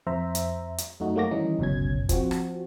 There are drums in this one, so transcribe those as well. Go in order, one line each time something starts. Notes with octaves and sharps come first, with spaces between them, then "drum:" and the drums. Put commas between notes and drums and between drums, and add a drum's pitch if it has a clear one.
F2 C5 E5 A#5
drum: hi-hat
drum: hi-hat
F#2 A3 D#4 F#4
F#3 A3 A#3 F#4 D6 A#6
D#3 E3 G3 C#4 D#4
G1 C#2 F#2 B2 C#4 G#6
F3 C4 F#4, drum: kick, hi-hat
drum: rim click